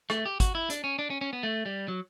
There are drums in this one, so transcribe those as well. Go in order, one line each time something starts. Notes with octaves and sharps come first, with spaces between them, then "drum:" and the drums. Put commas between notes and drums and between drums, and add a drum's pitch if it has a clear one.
A3, drum: rim click
G4
F#4, drum: kick, hi-hat
E4
D4, drum: hi-hat
C#4
D4
C#4
C#4
B3
A3
G3
F#3